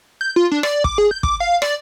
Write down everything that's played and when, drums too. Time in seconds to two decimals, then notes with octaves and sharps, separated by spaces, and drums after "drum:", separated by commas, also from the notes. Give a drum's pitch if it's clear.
0.21 G6
0.36 F4
0.51 D4
0.63 D5, drum: rim click
0.84 D6, drum: kick
0.98 G#4
1.11 G6
1.23 D6, drum: kick
1.40 F5
1.62 D5, drum: rim click